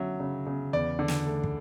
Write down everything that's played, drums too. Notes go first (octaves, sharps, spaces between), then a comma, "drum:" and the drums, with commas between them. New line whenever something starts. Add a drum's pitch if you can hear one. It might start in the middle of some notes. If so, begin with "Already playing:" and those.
Already playing: D3 F#3 C#4 E5
C#3
C#3
E2 D5
D3
drum: snare
A3
drum: kick